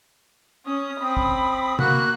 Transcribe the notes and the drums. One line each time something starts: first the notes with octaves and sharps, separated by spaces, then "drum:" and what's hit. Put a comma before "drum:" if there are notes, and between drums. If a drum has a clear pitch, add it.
C#4 D#6
C4 B5
drum: kick
A#3 F#4 F#6, drum: tom